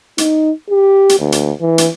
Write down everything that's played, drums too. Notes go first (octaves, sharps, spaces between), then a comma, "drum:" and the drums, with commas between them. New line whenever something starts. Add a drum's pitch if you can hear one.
D#4, drum: hi-hat
G4
drum: hi-hat
D2
drum: hi-hat
E3
drum: hi-hat